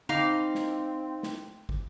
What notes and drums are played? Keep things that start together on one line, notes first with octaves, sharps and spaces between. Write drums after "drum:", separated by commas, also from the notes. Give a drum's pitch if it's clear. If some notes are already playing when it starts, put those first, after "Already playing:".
C4 D#4 F5 D6, drum: tom
drum: snare
drum: snare
drum: kick